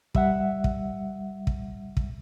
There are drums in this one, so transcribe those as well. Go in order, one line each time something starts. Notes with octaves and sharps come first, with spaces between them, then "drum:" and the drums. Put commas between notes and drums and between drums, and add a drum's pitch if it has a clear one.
G3 E5 F#5, drum: kick
drum: kick
drum: kick
drum: kick